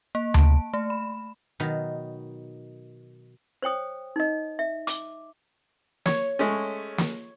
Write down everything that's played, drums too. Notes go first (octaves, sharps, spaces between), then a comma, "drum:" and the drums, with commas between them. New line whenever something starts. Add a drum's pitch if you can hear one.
A#3
A5, drum: tom D2
A3
B5
B2 D#3 F#3
C5 C#5 G5 D#6
D#4 D#5
E5
D6, drum: hi-hat
C#5, drum: snare
G#3 A3 C#4
drum: snare